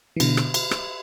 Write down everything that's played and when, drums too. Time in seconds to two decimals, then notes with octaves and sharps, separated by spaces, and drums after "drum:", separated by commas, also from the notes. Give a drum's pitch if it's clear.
0.16 E3
0.20 B2 D3, drum: cymbal
0.37 drum: rim click
0.54 drum: cymbal
0.71 drum: rim click